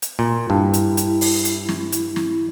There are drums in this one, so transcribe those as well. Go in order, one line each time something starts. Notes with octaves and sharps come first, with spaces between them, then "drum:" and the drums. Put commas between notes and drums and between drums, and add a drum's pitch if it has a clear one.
drum: hi-hat
A#2
G2 E4
drum: hi-hat
drum: hi-hat
drum: open hi-hat
drum: hi-hat
drum: snare
drum: hi-hat
drum: snare